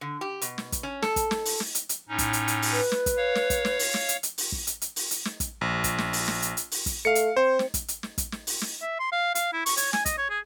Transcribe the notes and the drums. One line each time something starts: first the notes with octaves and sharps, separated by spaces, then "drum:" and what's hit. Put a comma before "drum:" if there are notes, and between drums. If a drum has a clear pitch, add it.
D3
G4
B2, drum: hi-hat
drum: snare
drum: kick, hi-hat
C#4
A4, drum: snare
drum: kick, hi-hat
drum: snare
drum: open hi-hat
drum: snare
drum: hi-hat
drum: hi-hat
A2 C#4 D#4
drum: kick, hi-hat
drum: hi-hat
drum: hi-hat
drum: open hi-hat
B4
drum: snare
drum: kick, hi-hat
C#5 F5
drum: snare
drum: kick, hi-hat
drum: snare
drum: open hi-hat
drum: snare
drum: hi-hat
drum: hi-hat
drum: open hi-hat
drum: kick
drum: hi-hat
drum: hi-hat
drum: open hi-hat
drum: hi-hat
drum: snare
drum: kick, hi-hat
A#1
drum: kick, hi-hat
drum: snare
drum: open hi-hat
drum: snare
drum: hi-hat
drum: hi-hat
drum: open hi-hat
drum: kick, hi-hat
A3 F5 C#7
drum: hi-hat
C4 C5
drum: snare
drum: kick, hi-hat
drum: hi-hat
drum: snare
drum: kick, hi-hat
drum: snare
drum: open hi-hat
drum: snare
E5
C6
F5
F5, drum: hi-hat
E4
C#6, drum: open hi-hat
C#5, drum: hi-hat
G#5, drum: snare
D#5, drum: kick, hi-hat
C#5
G#4